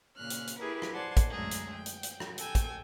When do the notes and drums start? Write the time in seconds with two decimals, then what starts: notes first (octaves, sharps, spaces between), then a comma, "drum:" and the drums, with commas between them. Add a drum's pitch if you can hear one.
0.17 A#2 C#3 F6 F#6
0.30 drum: hi-hat
0.48 drum: hi-hat
0.59 E4 G4 G#4 A#4 B4
0.82 drum: rim click
0.93 C5 D5 F#5 G#5 A5 C6
1.17 drum: kick, hi-hat
1.30 F#2 D3 G#3 A3 G#4 A#5
1.51 drum: hi-hat
1.73 G5
1.86 drum: hi-hat
2.03 drum: hi-hat
2.20 drum: rim click
2.38 A4 G5 G#5, drum: hi-hat
2.55 drum: kick, hi-hat